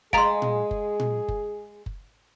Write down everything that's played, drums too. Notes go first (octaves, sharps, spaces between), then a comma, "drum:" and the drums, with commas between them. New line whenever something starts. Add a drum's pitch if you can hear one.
G#3 G#4 F5 A#5 C6 A6 D7, drum: kick F#1
drum: tom A#2
drum: kick F#1
drum: tom A#2
drum: kick F#1
drum: kick F#1